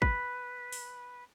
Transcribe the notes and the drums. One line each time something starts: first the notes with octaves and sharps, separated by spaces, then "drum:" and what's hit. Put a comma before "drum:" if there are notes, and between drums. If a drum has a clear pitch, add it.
B4, drum: kick
drum: open hi-hat